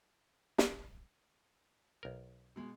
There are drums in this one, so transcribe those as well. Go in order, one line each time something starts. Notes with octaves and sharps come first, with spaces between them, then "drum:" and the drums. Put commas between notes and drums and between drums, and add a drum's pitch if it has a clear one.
drum: snare
B1 A#4
B2 G#3